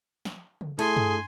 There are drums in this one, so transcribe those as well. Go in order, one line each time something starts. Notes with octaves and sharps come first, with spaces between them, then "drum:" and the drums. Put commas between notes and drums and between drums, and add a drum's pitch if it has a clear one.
drum: snare
drum: tom C#3
A3 E4 G#4 A4 G#5 C6, drum: cymbal
drum: tom G2